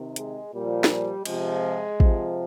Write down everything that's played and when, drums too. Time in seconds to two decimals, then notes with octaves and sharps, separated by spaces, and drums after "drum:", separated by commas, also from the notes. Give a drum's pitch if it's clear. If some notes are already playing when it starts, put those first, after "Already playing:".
Already playing: C3 D#3
0.16 G#3, drum: hi-hat
0.53 A#2 F3 G3
0.84 drum: snare
1.25 C3 F3 G#3, drum: cymbal
2.00 C3 F3, drum: kick